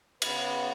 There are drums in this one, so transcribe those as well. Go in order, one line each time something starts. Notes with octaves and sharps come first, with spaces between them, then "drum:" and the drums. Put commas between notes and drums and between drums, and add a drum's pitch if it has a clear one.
C#3 B3 B4, drum: cymbal